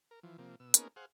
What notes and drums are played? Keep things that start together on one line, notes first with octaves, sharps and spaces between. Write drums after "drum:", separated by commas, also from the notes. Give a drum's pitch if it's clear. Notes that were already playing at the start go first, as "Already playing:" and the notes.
A#4
E3 F3
C3 F3 A#3
B2 E6
A#3 B3 C#4 D#4 G#4 A#4, drum: hi-hat
G#4 C5 F5 F#5